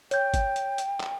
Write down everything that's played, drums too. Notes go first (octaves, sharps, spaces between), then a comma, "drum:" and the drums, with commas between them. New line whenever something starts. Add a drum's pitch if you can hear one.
C#5 G5 G6, drum: hi-hat
drum: kick, hi-hat
drum: hi-hat
drum: hi-hat
drum: clap